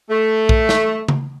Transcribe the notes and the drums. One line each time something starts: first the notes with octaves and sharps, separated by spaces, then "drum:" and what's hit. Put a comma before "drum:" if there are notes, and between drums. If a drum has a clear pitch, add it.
A3
drum: kick A#1
drum: snare
drum: tom C#3